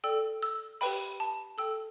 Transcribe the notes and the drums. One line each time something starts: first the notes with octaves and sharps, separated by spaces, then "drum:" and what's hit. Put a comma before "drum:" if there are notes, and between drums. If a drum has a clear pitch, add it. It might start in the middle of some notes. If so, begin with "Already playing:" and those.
A4 D5 G5 E6
E6
G4 B4 G5 B5, drum: open hi-hat
A5
A4 G5 E6